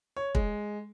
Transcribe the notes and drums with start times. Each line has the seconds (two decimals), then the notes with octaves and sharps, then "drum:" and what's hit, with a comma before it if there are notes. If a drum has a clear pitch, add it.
0.17 C#5
0.35 G#3, drum: kick